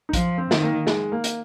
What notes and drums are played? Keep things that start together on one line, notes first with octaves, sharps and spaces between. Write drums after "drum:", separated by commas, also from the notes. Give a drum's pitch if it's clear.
D#4
F3 F4, drum: kick A#1, hi-hat
C4
D#3, drum: snare
A#3
G#3, drum: snare
A#3
drum: hi-hat